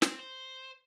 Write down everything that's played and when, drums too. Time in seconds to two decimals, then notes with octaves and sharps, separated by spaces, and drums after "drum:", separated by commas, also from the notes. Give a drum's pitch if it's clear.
0.02 C4, drum: snare
0.19 C5